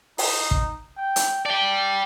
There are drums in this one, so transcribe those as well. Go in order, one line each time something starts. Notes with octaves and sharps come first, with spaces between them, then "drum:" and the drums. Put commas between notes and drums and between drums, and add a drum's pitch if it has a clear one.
D#4, drum: open hi-hat
drum: kick
G5
drum: hi-hat
D5 G5 A5